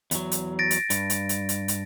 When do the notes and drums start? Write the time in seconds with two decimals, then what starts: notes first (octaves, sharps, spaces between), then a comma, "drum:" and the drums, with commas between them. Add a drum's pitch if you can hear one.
0.11 E2 F#3, drum: hi-hat
0.32 drum: hi-hat
0.59 A6 A#6 D7
0.71 drum: hi-hat
0.90 G2, drum: hi-hat
1.10 drum: hi-hat
1.29 drum: hi-hat
1.49 drum: hi-hat
1.68 drum: hi-hat